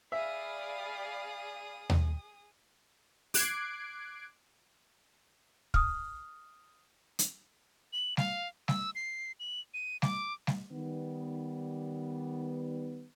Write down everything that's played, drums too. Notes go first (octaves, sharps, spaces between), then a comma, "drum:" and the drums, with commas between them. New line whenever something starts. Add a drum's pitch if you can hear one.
G#4 D5 E5 F5 B5 D#6
drum: tom D#2
D6 F#6 G#6 C7 D7, drum: open hi-hat
D#6 F6, drum: kick
drum: hi-hat
F#7
F5, drum: snare G3
E6, drum: snare G3
C7
F#7
D#7
D6, drum: snare G3
drum: snare G3
D#3 G3 B3